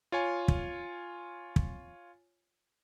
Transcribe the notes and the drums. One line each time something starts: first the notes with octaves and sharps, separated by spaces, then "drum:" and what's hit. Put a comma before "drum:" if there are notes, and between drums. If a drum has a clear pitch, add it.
F4 C#5 G#5
drum: kick
drum: kick